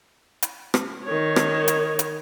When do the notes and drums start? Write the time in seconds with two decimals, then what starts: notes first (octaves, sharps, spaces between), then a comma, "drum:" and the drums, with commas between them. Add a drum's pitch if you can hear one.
0.42 drum: hi-hat
0.74 drum: rim click
1.05 D#3 C#5
1.36 drum: rim click
1.68 drum: hi-hat
1.99 drum: hi-hat